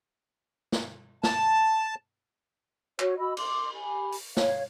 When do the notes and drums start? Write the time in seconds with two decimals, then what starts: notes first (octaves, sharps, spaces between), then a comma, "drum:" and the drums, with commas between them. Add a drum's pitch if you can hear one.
0.72 drum: snare
1.23 A5, drum: snare
2.99 F#4 C#5, drum: clap
3.18 F#4 D#5 B5 E6
3.37 C6 D6, drum: cymbal
3.74 G4 G#5 B5
4.12 drum: open hi-hat
4.37 C#5 F5, drum: snare